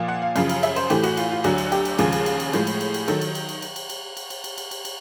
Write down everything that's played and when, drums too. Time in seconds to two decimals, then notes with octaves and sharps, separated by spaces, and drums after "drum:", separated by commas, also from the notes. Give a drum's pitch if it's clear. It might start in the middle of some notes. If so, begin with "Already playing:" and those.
Already playing: A#2 F3 A#3
0.08 F#5
0.22 F5
0.36 F#2 C#3 F3 F5, drum: cymbal
0.49 F5, drum: cymbal
0.63 E5, drum: cymbal
0.76 C5, drum: cymbal
0.90 A2 E3 A3 G4, drum: cymbal
1.03 F#4, drum: cymbal
1.17 F4, drum: cymbal
1.31 F4
1.44 D2 D3 F#3 F#4, drum: cymbal
1.58 drum: cymbal
1.72 G4, drum: cymbal
1.85 drum: cymbal
1.98 D#2 C#3 F3 G#3 G#4, drum: cymbal
2.12 drum: cymbal
2.26 drum: cymbal
2.40 drum: cymbal
2.53 A2 F3 G#3, drum: cymbal
2.67 drum: cymbal
2.81 drum: cymbal
2.94 drum: cymbal
3.08 D#3 F#3 A4, drum: cymbal
3.21 drum: cymbal
3.35 drum: cymbal
3.49 drum: cymbal
3.62 drum: cymbal
3.76 drum: cymbal
3.89 drum: cymbal
4.17 drum: cymbal
4.30 drum: cymbal
4.44 drum: cymbal
4.58 drum: cymbal
4.71 drum: cymbal
4.85 drum: cymbal